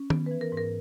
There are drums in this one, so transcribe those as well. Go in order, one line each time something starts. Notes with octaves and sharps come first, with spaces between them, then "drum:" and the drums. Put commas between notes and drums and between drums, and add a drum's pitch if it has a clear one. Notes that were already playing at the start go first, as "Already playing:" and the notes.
Already playing: C#4
B3, drum: tom D#3
E3 B4
A#4
G#2
A#4